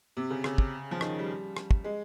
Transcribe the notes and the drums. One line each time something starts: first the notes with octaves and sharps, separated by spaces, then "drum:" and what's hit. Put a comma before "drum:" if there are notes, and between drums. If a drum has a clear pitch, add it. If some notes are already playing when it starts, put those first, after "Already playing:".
C3
C#3
C#3, drum: rim click
drum: kick
F3
D#3, drum: rim click
G3
drum: rim click
drum: kick
G#3